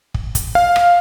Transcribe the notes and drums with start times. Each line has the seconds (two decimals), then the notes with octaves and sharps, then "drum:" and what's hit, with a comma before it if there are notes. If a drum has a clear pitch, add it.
0.14 drum: kick
0.35 drum: kick, hi-hat
0.55 F5
0.76 drum: rim click